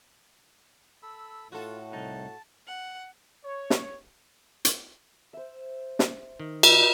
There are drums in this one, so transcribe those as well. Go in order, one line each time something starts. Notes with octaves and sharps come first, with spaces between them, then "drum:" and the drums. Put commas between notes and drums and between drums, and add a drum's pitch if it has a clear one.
A4 B5 E6
A2 F4 F#4 A4
C2 D#4 A5
F#5
C#5
drum: snare
drum: hi-hat
C5 E5
drum: snare
D#3
drum: cymbal